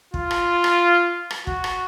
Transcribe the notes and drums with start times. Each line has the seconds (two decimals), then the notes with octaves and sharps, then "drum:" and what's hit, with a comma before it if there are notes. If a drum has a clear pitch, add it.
0.14 F4, drum: kick
0.31 drum: rim click
0.64 drum: rim click
1.31 drum: rim click
1.47 F#4, drum: kick
1.64 drum: rim click